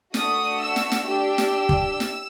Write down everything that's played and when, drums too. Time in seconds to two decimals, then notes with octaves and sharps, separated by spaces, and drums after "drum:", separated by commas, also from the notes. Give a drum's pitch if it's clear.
0.14 A3 D4 F#4 D#6, drum: snare
0.60 E6
0.76 drum: snare
0.92 drum: snare
1.07 D4 G4 E6
1.38 drum: snare
1.69 drum: kick
2.00 drum: snare